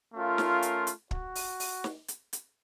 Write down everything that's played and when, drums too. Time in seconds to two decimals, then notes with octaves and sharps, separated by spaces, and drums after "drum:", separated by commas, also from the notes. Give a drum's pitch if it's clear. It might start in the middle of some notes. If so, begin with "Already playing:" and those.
0.14 A3 C#4 F4 A#4
0.38 drum: snare
0.62 drum: hi-hat
0.87 drum: hi-hat
1.11 F#4, drum: kick
1.35 drum: open hi-hat
1.60 drum: open hi-hat
1.84 drum: snare
2.08 drum: hi-hat
2.33 drum: hi-hat